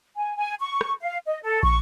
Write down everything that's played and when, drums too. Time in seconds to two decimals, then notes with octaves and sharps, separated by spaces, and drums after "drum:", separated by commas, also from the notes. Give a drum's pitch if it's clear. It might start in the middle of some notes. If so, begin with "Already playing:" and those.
0.16 G#5
0.36 G#5
0.60 C#6
0.81 drum: rim click
1.02 F5
1.26 D#5
1.42 A4
1.63 C#6, drum: kick